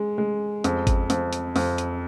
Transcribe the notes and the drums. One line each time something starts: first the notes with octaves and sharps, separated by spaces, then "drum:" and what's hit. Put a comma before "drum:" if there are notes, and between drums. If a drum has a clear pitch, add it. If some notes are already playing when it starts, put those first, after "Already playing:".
Already playing: G#3
G#3
F2, drum: hi-hat
drum: kick G#1, hi-hat
F2, drum: hi-hat
drum: hi-hat
F2, drum: open hi-hat
drum: hi-hat